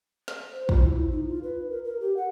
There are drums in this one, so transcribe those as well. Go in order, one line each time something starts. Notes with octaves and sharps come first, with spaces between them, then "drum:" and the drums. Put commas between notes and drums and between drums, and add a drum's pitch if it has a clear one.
drum: snare
C5
F4, drum: kick
E4
E4
D#4
F4
B4
A#4
A#4
G4
F#5